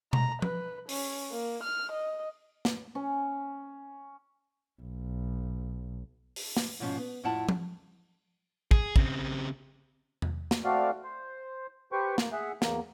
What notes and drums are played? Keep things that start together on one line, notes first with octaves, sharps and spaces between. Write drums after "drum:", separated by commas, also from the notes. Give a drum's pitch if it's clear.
A#5, drum: tom B2
B4, drum: tom F3
C#4, drum: open hi-hat
A#3
F6
D#5
drum: snare
C#4
B1
drum: open hi-hat
drum: snare
G#2 B2 F3 C#4
B3
F2 A2 E4 F4 F#5 A5
drum: tom F3
G#4, drum: kick
C#3 C4, drum: kick
drum: tom E2
drum: snare
A3 C4 F#4 D5 F5
C5
G4 B4 C5 G5 C#6
A#3, drum: snare
G#4 E5 F#5
E2 A#3, drum: snare